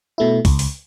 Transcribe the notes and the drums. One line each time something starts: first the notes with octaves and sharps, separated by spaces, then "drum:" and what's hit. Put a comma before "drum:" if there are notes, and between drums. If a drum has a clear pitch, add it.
B2 A3 E4
C#2, drum: kick C2, open hi-hat
drum: open hi-hat